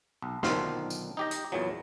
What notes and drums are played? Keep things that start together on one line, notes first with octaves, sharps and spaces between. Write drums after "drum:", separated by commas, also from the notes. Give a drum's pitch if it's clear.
B1
B1 A#2 D3 D#3 C5 F5, drum: snare
drum: tambourine
D#4 G4 D#5
drum: hi-hat
E2 A#2 E3 F#3